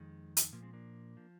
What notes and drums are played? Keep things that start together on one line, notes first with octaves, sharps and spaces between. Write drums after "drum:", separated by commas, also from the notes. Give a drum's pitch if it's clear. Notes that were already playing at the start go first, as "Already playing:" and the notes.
Already playing: F2 D#3 G#3
drum: hi-hat
A#2 F3 A#3
G#3 C4
A#3 D4
F3